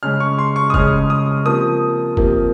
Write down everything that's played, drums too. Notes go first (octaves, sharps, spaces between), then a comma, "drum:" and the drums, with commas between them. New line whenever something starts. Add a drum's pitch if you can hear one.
C#3 G#3 C#4 F6
C#6
C6
C#6
D#6
C#3 G#3 C#4 F6, drum: kick
D#6
C3 F3 A#3 D#6
C3 F3 A#3, drum: kick